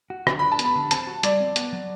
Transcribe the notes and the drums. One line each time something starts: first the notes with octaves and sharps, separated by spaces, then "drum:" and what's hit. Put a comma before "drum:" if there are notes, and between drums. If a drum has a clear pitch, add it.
F#4
D3, drum: rim click
D4 B5
A5
B3, drum: hi-hat
B5
D3
C4 A5, drum: hi-hat
F#4
G3 D5, drum: hi-hat
C4
B3, drum: hi-hat
F#3